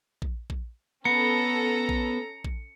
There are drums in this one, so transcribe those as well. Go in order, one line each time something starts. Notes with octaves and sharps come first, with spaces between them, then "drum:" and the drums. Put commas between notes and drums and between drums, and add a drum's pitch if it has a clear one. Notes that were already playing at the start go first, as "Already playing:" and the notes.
drum: kick A#1
drum: kick A#1
B3 C#4 A4 A#5 C#7
drum: kick A#1
drum: kick A#1